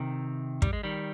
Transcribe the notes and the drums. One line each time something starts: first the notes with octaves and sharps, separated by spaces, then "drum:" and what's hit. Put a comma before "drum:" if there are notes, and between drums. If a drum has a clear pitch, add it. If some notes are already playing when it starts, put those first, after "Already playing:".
Already playing: C3 D#3
G3, drum: kick
G#3
D#3 G3